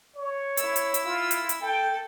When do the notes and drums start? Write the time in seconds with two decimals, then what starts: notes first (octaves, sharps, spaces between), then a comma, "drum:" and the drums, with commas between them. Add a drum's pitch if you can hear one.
0.16 C#5
0.57 E4 E6, drum: hi-hat
0.76 drum: hi-hat
0.94 drum: hi-hat
1.05 F4
1.31 drum: hi-hat
1.49 drum: hi-hat
1.61 A4 G5